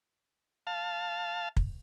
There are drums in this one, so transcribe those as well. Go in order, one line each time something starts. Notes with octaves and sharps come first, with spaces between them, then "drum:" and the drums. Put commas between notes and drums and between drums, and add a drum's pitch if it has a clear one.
F5 A5
drum: kick